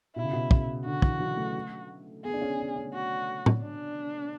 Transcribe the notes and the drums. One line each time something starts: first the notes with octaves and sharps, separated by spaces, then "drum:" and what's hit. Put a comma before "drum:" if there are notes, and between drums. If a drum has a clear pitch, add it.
B2 E4
C#3
B2
C#3, drum: kick
D3 F#4
E3, drum: kick
F#3
A3
B3 G#4
D4
C#4
D4
C#4
F#4
drum: tom A2
D4